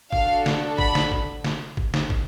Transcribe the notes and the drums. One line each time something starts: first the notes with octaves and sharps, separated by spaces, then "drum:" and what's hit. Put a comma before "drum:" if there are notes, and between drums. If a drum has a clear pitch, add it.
D4 F#4 A4 F5, drum: kick
drum: snare
B5, drum: kick
drum: snare
drum: kick
drum: snare
drum: kick
drum: snare
drum: kick